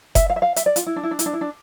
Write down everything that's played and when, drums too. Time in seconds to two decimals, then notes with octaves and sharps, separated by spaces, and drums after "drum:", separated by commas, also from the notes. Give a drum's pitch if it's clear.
0.15 E5, drum: kick F#1, hi-hat
0.30 F5
0.36 E5
0.42 F5
0.56 E5, drum: hi-hat
0.66 D5
0.76 F4, drum: hi-hat
0.86 E4
0.96 D4
1.03 E4
1.11 D4
1.19 E4, drum: hi-hat
1.26 D4
1.33 E4
1.41 D4